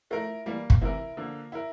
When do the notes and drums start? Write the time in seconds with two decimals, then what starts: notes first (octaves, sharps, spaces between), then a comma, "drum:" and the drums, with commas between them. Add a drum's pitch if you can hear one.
0.10 F3 A3 E4 A#4
0.46 E3 G3 A#3
0.70 drum: kick G1
0.82 C3 E3 E4 A#4
1.17 D3 F3 A#3
1.52 E4 A#4